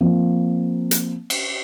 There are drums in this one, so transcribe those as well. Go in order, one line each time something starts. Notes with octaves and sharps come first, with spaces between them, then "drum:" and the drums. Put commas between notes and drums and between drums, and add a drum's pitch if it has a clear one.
F3 A#3 C4
drum: hi-hat
drum: cymbal